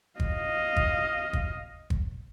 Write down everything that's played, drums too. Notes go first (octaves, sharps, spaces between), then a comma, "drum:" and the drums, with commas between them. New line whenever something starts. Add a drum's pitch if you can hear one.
D#5 F5, drum: kick
drum: kick
drum: kick
drum: kick